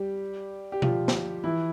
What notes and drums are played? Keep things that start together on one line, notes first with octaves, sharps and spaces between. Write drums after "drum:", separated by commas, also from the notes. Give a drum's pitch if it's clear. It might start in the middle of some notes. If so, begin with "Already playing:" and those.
Already playing: G3 G4
G4
F3 F4, drum: tom B2
drum: snare
E3 E4